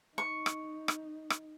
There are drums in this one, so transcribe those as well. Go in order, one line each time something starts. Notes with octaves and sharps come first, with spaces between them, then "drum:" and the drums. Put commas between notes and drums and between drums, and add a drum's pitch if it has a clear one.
D#4 C#6
drum: rim click
drum: rim click
drum: rim click